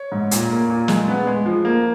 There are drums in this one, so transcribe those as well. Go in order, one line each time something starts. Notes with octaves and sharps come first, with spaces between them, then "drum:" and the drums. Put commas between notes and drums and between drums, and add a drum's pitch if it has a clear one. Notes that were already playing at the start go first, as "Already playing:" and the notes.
Already playing: C#5
G#2
A#2, drum: hi-hat
A#3
A#2
G#3, drum: snare
B3
G#3
F3
A#3